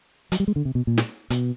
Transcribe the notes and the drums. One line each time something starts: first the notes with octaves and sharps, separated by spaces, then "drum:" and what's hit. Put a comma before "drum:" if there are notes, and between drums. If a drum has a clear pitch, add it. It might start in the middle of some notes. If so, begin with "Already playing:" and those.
F#3, drum: hi-hat
G3
G#3
D3
C3
B2
A#2
drum: snare
B2, drum: hi-hat